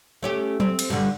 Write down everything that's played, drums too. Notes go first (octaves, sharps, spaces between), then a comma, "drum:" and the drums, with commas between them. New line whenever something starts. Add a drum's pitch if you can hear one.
A3 C#4 G4
C4, drum: tom F#3
drum: cymbal
G2 D3